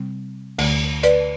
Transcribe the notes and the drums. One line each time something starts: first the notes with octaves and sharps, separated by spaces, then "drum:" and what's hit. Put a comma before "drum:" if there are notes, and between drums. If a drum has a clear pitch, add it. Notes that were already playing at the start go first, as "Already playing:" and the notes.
Already playing: C3 G3 C4
D2 D3 A3, drum: cymbal
B4 D5, drum: hi-hat